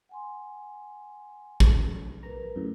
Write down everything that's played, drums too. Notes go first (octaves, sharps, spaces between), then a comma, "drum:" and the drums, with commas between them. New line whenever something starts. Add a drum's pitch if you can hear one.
F#5 G#5 C6
drum: kick A1
A#4 B4 A#5
F#2 A2 C#3 E4